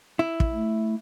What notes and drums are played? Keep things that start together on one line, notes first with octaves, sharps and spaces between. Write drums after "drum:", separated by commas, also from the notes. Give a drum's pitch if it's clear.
E4
drum: kick
A3